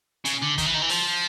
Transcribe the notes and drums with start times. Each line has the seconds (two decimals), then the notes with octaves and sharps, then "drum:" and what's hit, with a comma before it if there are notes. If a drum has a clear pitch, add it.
0.25 C#3, drum: hi-hat
0.42 D3
0.58 D#3, drum: kick, hi-hat
0.66 E3
0.74 D#3
0.82 E3
0.90 F3, drum: open hi-hat